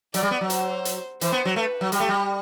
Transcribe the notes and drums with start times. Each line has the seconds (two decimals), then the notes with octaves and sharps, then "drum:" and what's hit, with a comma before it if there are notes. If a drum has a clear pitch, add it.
0.14 F#3 D5, drum: hi-hat
0.23 G3
0.31 B3
0.41 F#3
0.50 C5, drum: hi-hat
0.85 drum: hi-hat
1.21 E3 C5, drum: hi-hat
1.32 B3
1.45 F#3
1.56 A3 B4
1.81 F#3
1.92 G3 G4, drum: hi-hat
2.00 A3
2.09 G3